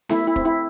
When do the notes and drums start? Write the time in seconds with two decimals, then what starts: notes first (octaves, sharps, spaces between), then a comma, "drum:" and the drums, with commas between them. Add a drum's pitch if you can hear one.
0.09 A3 E4, drum: snare B3
0.27 E4
0.36 C4, drum: kick
0.45 E4